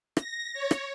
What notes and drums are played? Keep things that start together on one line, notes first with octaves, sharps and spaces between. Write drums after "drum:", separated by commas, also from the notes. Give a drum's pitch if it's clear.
A#6, drum: rim click
C#5
drum: rim click